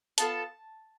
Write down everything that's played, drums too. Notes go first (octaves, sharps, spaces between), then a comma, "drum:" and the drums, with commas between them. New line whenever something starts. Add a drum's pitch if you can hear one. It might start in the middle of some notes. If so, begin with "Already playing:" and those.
B3 F4 A4 A5, drum: hi-hat